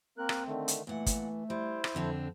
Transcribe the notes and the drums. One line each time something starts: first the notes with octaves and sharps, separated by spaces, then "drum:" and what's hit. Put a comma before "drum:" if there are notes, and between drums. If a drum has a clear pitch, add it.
A#3 C4 A#4 F#6
drum: rim click
D3 D#3 A3
drum: hi-hat
A#2 E3 A3 F#5
drum: kick, hi-hat
G3 E4 C5
drum: rim click
F2 D3 C4